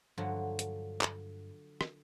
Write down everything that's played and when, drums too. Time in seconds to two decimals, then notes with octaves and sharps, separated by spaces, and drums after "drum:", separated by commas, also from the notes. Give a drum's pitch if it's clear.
0.18 G2 D3 F3 F#3
0.59 drum: hi-hat
1.01 drum: clap
1.81 drum: rim click